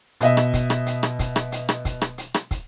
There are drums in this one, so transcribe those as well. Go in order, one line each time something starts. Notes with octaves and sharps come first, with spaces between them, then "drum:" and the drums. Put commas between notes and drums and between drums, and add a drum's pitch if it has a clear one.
B2 D#5 E5, drum: hi-hat
drum: rim click
drum: kick, hi-hat
drum: rim click
drum: hi-hat
drum: rim click
drum: kick, hi-hat
drum: rim click
drum: hi-hat
drum: rim click
drum: kick, hi-hat
drum: rim click
drum: hi-hat
drum: rim click
drum: kick, hi-hat